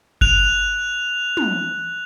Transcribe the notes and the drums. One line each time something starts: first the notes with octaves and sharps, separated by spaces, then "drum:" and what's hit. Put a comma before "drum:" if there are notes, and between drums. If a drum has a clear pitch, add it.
F#6 F7, drum: kick G1
drum: tom